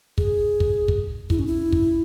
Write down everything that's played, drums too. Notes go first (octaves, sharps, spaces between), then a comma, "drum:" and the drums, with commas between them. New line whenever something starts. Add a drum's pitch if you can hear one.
G#4, drum: kick
drum: kick
drum: kick
E4, drum: kick
C#4
E4
drum: kick